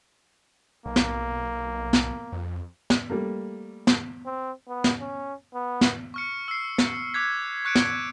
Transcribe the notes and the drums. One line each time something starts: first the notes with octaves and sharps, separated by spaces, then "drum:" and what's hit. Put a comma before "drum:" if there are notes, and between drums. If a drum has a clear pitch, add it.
B1 A#3
drum: snare
drum: snare
F2
drum: snare
G3 A3 A#3
drum: snare
C4
B3
drum: snare
C#4
B3
drum: snare
C#6 F6 C#7
E6 C7
drum: snare
D6 F#6 G#6 B6
C#6 F#6 C#7 D7
drum: snare